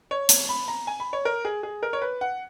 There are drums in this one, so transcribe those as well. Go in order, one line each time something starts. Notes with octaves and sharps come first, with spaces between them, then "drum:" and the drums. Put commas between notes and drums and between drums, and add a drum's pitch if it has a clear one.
C#5
drum: hi-hat
B5
A#5
G#5
B5
C#5
A#4
G#4
G#4
A#4
C#5
B4
F#5